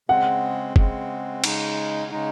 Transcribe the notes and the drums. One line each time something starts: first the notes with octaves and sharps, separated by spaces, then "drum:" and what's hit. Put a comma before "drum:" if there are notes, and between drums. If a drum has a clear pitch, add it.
C#3 G#3 C4 F#5
C#3 G#3 C4, drum: kick
C#3 G#3 D#4, drum: cymbal
C#3 G#3 D#4